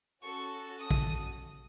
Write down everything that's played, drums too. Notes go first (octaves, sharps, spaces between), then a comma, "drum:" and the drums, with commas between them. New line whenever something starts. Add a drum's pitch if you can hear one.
C#4 F#4 A4 C#6
D#6
drum: kick